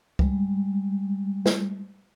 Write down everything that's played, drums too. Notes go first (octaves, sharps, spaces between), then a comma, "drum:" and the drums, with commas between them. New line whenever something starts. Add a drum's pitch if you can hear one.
G3 G#3, drum: kick
drum: snare